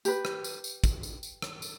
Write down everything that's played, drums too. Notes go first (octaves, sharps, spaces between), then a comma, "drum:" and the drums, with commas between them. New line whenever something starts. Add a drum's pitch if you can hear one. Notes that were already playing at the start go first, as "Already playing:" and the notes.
G4 B4, drum: tambourine
drum: rim click
drum: tambourine
drum: tambourine
drum: kick, tambourine
drum: tambourine
drum: tambourine
drum: rim click
drum: tambourine